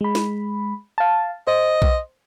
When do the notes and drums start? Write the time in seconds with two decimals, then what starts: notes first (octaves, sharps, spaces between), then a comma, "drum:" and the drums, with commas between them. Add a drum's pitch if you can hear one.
0.01 G#3 B5
0.15 drum: snare
0.98 F5 A5
1.47 C5 D#5
1.82 drum: kick B1